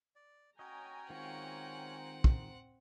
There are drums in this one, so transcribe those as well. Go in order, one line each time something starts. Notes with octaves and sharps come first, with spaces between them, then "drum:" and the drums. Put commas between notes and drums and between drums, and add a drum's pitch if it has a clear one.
D5
C#4 F#4 C#5 D#5 G5 G#5 A#5
D#3 G#3 C4 F4 F#5
drum: kick